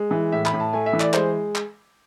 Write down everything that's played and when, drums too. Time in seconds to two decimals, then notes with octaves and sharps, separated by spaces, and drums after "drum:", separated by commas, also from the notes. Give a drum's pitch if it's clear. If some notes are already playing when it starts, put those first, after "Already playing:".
Already playing: G#3
0.11 E3
0.32 A2 E5
0.46 B5, drum: clap
0.53 A2
0.60 A5
0.73 A3 G#5
0.86 E5
0.93 E3
1.00 D5, drum: clap
1.14 G#3 C5, drum: clap
1.55 drum: clap